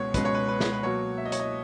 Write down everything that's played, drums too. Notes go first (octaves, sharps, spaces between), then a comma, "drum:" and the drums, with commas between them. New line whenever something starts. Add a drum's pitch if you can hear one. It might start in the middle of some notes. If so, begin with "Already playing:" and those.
Already playing: C#2 B2 G#3 B3 C#5
C#2 B2 G#3 B3 B4, drum: kick, hi-hat
C#5
B4
B4
drum: snare
B4
B2 F#3 A#3 C#5
E5
D#5
C#5, drum: hi-hat
D#5